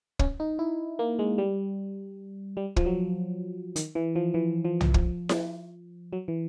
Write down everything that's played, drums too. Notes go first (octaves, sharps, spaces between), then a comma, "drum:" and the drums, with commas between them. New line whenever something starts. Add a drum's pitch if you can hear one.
C#4, drum: kick
D#4
E4
A#3
G#3
G3
G3
F3, drum: kick
F#3
D#3, drum: hi-hat
E3
F3
E3
F3
drum: tom
F3, drum: kick
drum: snare E4
F#3
E3